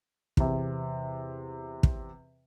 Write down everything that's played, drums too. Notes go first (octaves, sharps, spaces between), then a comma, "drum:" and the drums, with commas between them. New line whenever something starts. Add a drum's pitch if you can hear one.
E2 C3, drum: kick
drum: kick